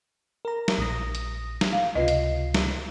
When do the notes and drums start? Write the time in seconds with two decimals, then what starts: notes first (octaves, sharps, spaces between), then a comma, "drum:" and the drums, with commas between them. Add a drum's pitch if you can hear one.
0.45 A#4 A#5
0.68 drum: snare
0.78 A#1 D#6 A#6
1.15 drum: hi-hat
1.61 drum: snare
1.73 F5
1.95 C#2 C3 F4 B4 D#5 C7
2.08 drum: hi-hat
2.55 drum: snare